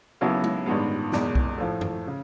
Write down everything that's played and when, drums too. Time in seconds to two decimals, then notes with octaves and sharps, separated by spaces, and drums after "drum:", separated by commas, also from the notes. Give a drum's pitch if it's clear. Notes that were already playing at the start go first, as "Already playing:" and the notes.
0.21 D#2 C#3 F#3 B3 E4
0.44 drum: tom G#3
0.66 A1 G2 D#3 G#3 B3
1.12 F#1 E2 B2 G#3, drum: snare
1.35 drum: kick B1
1.58 A2 F3 A3
1.81 drum: tom F#2
2.07 C#3